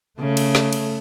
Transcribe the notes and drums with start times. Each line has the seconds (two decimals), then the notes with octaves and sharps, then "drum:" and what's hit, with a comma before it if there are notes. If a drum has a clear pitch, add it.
0.20 C#3 A3
0.37 drum: cymbal
0.55 drum: snare
0.73 drum: cymbal